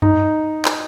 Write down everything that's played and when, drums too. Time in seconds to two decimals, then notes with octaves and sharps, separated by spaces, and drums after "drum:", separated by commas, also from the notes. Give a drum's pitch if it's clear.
0.02 D#4, drum: tom F#2
0.65 drum: clap